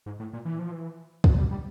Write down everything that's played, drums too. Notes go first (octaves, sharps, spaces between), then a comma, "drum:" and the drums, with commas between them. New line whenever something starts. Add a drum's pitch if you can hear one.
G#2
A2
A#2
E3
F3
E3
F#3, drum: kick
G3
G3